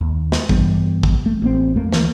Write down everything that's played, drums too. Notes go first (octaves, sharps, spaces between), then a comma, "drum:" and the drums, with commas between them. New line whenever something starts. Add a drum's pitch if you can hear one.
D#2
drum: snare
G2 E3 G3 B3, drum: kick
drum: kick
A3
A1 A#3 C4
F2 A3 A#3
D2 E3 G#3 A#3, drum: snare